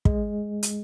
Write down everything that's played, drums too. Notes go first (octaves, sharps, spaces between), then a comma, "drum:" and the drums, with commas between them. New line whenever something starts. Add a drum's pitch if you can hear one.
G#3, drum: kick
drum: hi-hat